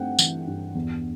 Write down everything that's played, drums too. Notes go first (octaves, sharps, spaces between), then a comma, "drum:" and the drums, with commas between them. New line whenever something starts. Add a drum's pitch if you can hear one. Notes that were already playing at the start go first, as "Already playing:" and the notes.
Already playing: G2 A3 C4 F#5 G5
E3, drum: tambourine
G2
E2